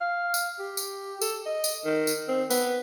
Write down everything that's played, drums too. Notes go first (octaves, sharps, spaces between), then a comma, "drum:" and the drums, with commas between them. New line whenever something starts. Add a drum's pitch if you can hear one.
F5
drum: tambourine
G4
drum: tambourine
A4, drum: tambourine
D#5
drum: tambourine
D#3
drum: tambourine
C4
B3, drum: tambourine